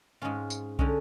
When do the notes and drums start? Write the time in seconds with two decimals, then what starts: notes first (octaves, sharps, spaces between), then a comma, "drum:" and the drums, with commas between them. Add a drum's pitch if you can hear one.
0.22 G#2 G#3 C#4 F4
0.50 drum: tambourine
0.79 D3 G#3 C#4, drum: kick